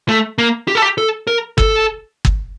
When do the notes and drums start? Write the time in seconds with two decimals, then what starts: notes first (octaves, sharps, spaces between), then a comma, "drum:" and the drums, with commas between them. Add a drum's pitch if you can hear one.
0.09 A3
0.38 A#3
0.68 G4
0.75 A4
0.82 G4
0.98 A4
1.27 A#4
1.58 A4, drum: kick
2.25 drum: kick